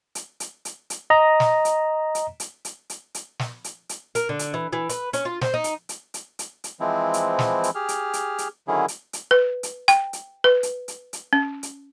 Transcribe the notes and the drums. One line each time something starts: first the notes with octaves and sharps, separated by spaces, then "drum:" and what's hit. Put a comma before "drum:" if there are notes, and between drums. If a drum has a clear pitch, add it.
drum: hi-hat
drum: hi-hat
drum: hi-hat
drum: hi-hat
D#5 A#5
drum: snare
drum: hi-hat
drum: hi-hat
drum: hi-hat
drum: hi-hat
drum: hi-hat
drum: hi-hat
drum: snare
drum: hi-hat
drum: hi-hat
A#4, drum: hi-hat
D3
drum: hi-hat
E3
E3
B4, drum: hi-hat
C#4, drum: hi-hat
F4
C5, drum: snare
D#4
drum: hi-hat
drum: hi-hat
drum: hi-hat
drum: hi-hat
drum: hi-hat
E3 F3 G#3 C4 E4
drum: hi-hat
drum: snare
drum: hi-hat
G4 G#4 F6
drum: hi-hat
drum: hi-hat
drum: hi-hat
D3 D#3 F#3 C#4 E4 G#4
drum: hi-hat
drum: hi-hat
B4
drum: hi-hat
G5, drum: hi-hat
drum: hi-hat
B4
drum: hi-hat
drum: hi-hat
drum: hi-hat
C#4
drum: hi-hat